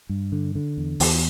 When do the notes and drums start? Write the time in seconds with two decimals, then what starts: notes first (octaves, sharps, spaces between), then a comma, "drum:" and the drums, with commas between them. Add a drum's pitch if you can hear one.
0.09 G2
0.32 D3
0.55 D3
0.77 E2
1.00 E2, drum: open hi-hat